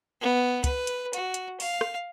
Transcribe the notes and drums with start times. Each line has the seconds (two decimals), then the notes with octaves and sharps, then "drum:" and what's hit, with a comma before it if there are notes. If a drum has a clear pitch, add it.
0.21 B3
0.64 B4, drum: kick, hi-hat
0.87 drum: hi-hat
1.13 F#4, drum: hi-hat
1.34 drum: hi-hat
1.60 F5, drum: open hi-hat
1.81 drum: rim click